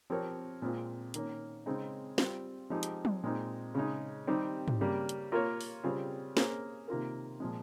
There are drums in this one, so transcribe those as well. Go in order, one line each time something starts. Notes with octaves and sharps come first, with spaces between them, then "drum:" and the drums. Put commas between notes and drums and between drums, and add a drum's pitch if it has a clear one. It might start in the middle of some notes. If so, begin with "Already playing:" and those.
F3 C4 G4 A#4 C#5
A#2 G#3 C4 F4
D#3 A#3 C#4, drum: hi-hat
C#3 G#3 C4 D#4 G#4
G3 C4 F4, drum: snare
F3 G#3 C4 D#4 G4
drum: hi-hat
drum: tom
A#2 G#3 C4 D#4
C#3 G#3 D#4
D#3 G3 C4 D#4 G4
drum: tom
C#3 G3 A#3
drum: hi-hat
A#3 F4 A#4 C#5
drum: open hi-hat
C#3 G3 C4 F4 G#4
A#3 C#4 G#4 C5, drum: snare
C3 D#3 A#3 F4 A#4
A#2 F3 G#3